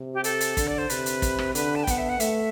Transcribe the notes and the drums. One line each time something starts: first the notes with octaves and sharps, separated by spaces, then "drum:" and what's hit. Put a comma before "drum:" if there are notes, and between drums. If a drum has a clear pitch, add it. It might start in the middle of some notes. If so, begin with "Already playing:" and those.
Already playing: C3
G4
A4, drum: hi-hat
drum: hi-hat
D3, drum: kick, hi-hat
D5
C5
C3 B4, drum: hi-hat
drum: hi-hat
drum: kick, hi-hat
drum: rim click
D3 B4, drum: hi-hat
A5
G5
B3 F#5, drum: kick, hi-hat
E5
F#5
A3 E5, drum: hi-hat